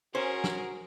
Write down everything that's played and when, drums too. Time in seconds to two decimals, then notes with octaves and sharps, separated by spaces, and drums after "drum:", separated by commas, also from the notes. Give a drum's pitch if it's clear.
0.15 C#4 F#4 G#4 A#4 C5
0.44 drum: snare